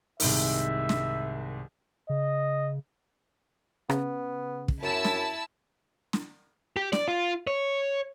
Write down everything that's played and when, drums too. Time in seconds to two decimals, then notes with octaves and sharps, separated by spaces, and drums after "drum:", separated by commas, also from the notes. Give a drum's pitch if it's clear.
0.20 C2 G#2 D#3 E5, drum: open hi-hat
0.89 drum: snare
2.10 C#3 D#5
3.90 C#3 B3, drum: rim click
4.68 drum: kick
4.83 F#2 E4 A5 E6
5.04 drum: snare
6.13 drum: snare
6.77 G4
6.93 D5, drum: snare
7.08 F4
7.47 C#5